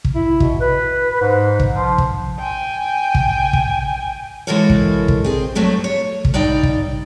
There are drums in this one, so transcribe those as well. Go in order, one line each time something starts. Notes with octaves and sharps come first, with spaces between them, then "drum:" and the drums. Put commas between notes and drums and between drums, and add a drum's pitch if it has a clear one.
drum: kick
E4
B2, drum: kick
B4
G#2
drum: kick
F3
drum: kick
G5 G#5
drum: kick
drum: kick
E3 G#3 F#4 A4 A#4 C#5
drum: kick
drum: kick
C4 G#4
G2 F#3 A3 C4
C#5
drum: kick
G2 D#4 D5 G5
drum: kick